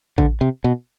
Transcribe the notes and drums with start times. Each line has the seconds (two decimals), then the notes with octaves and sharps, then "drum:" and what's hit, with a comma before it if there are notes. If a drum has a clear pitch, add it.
0.18 D3, drum: kick A1
0.41 C3
0.64 B2